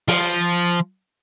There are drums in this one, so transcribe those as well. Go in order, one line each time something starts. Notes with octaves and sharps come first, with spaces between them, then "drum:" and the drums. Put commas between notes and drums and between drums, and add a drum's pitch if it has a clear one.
F3, drum: open hi-hat